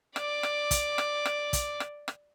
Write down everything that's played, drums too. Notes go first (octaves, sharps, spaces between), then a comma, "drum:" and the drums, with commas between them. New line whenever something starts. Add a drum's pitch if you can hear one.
D5 D6, drum: rim click
drum: rim click
drum: kick, hi-hat
drum: rim click
drum: rim click
drum: kick, hi-hat
drum: rim click
drum: rim click